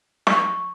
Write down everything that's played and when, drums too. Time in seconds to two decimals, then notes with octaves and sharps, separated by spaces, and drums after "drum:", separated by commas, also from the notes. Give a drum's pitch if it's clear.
0.27 C#6, drum: snare